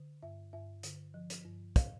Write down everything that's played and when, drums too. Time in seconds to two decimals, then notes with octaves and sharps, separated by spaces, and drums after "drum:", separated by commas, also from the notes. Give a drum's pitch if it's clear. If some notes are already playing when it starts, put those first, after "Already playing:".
Already playing: D3
0.23 G2 E5
0.53 G2 E5
0.83 D3, drum: hi-hat
1.14 F3
1.30 drum: hi-hat
1.45 G2
1.76 F5, drum: kick, hi-hat